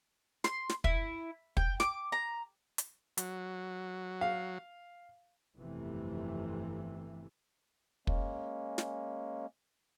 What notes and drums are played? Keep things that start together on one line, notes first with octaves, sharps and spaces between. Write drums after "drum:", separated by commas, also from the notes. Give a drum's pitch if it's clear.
C6, drum: snare
drum: snare
E4, drum: kick
G5, drum: kick
D6, drum: snare
A#5
drum: hi-hat
F#3, drum: hi-hat
F5
G1 F2 C3 E3 A3
G#3 A#3 C#4, drum: kick
drum: snare